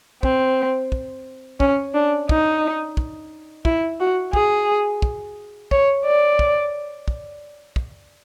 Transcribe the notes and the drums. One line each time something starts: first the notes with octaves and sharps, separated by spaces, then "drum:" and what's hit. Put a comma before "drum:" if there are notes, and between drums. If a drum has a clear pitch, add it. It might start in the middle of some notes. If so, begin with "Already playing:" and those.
C4, drum: kick
drum: kick
C#4, drum: kick
D4
D#4, drum: kick
drum: kick
E4, drum: kick
F#4
G#4, drum: kick
drum: kick
C#5, drum: kick
D5
drum: kick
drum: kick
drum: kick